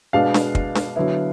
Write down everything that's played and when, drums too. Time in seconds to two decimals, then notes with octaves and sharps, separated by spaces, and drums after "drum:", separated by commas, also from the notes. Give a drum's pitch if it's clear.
0.13 B2 G#3 B3 D4 F5
0.34 drum: snare D4
0.55 drum: kick
0.75 drum: snare D4
0.96 D3 F#3 B3 E4